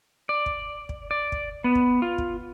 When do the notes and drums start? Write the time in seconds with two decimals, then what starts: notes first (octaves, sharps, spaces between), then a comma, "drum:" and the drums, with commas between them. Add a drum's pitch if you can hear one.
0.29 D5
0.46 drum: kick
0.89 drum: kick
1.11 D5
1.32 drum: kick
1.64 B3
1.75 drum: kick
2.02 F4
2.18 drum: kick